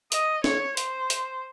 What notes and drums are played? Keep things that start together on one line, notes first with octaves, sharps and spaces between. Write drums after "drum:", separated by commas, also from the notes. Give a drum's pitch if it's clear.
D#5, drum: hi-hat
C#5, drum: snare
C5, drum: hi-hat
drum: hi-hat